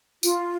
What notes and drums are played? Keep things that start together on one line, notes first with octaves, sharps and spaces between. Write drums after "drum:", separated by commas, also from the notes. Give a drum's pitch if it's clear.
F4, drum: tambourine